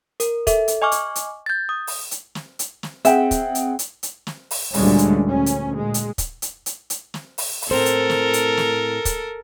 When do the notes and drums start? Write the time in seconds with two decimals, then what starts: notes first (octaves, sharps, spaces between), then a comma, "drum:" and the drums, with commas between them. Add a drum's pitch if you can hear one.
0.20 A#4, drum: hi-hat
0.47 A4 E5, drum: kick, hi-hat
0.68 drum: hi-hat
0.82 D#5 G#5 C#6 D6 F6
0.92 drum: hi-hat
1.16 drum: hi-hat
1.46 G6 A6
1.69 D#6
1.87 drum: open hi-hat
2.11 drum: hi-hat
2.35 drum: snare
2.59 drum: hi-hat
2.83 drum: snare
3.05 C4 G#4 E5 F#5 G5, drum: hi-hat
3.31 drum: kick, hi-hat
3.55 drum: hi-hat
3.79 drum: hi-hat
4.03 drum: hi-hat
4.27 drum: snare
4.51 drum: open hi-hat
4.74 D2 A#2 D3 G3 G#3 C#4, drum: open hi-hat
4.98 drum: hi-hat
5.27 D2 C#4
5.46 drum: hi-hat
5.73 A#2 G#3
5.94 drum: hi-hat
6.18 drum: kick, hi-hat
6.42 drum: hi-hat
6.66 drum: hi-hat
6.90 drum: hi-hat
7.14 drum: snare
7.38 drum: open hi-hat
7.62 drum: open hi-hat
7.71 A2 C4 A4 A#4 C5
7.86 drum: hi-hat
8.10 drum: snare
8.34 drum: hi-hat
8.57 drum: snare
9.05 drum: kick, hi-hat